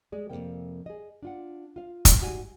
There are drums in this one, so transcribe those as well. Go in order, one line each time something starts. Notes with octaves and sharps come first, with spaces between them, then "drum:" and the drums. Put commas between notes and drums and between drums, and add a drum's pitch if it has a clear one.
G#3 G#4 D5
F2 G#2 C3 A#3 C4 G5
G#4 D#5
D4 F4 F#5
F4 F5
drum: kick, hi-hat
G#2 G3 F#4 G4 G#5